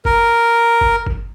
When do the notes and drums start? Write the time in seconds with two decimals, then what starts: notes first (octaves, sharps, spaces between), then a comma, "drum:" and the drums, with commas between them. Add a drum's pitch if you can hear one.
0.05 A#4, drum: kick
0.81 drum: kick
1.07 drum: kick